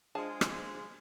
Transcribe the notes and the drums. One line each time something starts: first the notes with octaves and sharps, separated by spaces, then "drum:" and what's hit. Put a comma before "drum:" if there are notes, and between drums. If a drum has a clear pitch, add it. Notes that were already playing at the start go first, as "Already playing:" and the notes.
G#3 D4 F4 G#4 C5 D#5 A5
drum: rim click